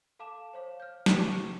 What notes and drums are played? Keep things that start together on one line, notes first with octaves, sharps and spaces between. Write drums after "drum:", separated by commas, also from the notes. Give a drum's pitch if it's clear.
A4 F5 A5 D6 E7
C5 C#5 F5
F6 G6
G#5 B5 C#6 D6 G6, drum: snare